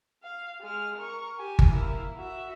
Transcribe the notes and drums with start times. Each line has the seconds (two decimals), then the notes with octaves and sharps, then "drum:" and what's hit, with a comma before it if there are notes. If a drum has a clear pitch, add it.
0.23 F5
0.61 G#3 F6
0.98 A#4 C#6
1.38 G4 G#5
1.59 drum: kick G1
1.71 A#3 E4
2.17 F#4 E5